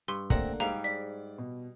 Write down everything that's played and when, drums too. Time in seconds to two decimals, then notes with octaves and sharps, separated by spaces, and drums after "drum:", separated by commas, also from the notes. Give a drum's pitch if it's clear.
0.08 G2 C6
0.30 A3 A#3 C4 D4 F#5 A#5, drum: kick
0.60 G#2 G3 F5 A#5
0.84 D5 B6
1.38 B2